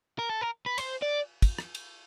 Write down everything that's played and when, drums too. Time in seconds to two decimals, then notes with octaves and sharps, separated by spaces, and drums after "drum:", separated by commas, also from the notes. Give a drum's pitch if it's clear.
0.19 A#4
0.29 A4
0.41 A#4
0.66 B4
0.78 C5, drum: cymbal
1.02 D5
1.42 drum: kick, cymbal
1.58 drum: rim click
1.75 drum: cymbal